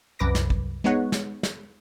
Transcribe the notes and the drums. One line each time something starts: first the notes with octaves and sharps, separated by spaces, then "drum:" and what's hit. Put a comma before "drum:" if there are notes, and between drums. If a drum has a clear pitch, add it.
C2 F#2 B4 D6 A#6
drum: snare
drum: kick
G#3 B3 D#4 C#5 F#5
drum: snare
drum: snare